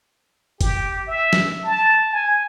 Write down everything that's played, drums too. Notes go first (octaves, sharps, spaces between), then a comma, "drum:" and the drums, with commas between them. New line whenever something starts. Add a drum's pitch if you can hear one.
G4, drum: kick F#1, hi-hat
E5
drum: snare
A5
G#5